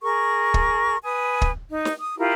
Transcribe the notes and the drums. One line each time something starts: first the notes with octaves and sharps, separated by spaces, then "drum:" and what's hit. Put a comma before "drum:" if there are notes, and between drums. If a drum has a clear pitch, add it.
G#4 A#4 C#6
drum: kick
B4 G#5 D#6
drum: kick
D#4
drum: snare
D#6
E4 F4 G4 A#4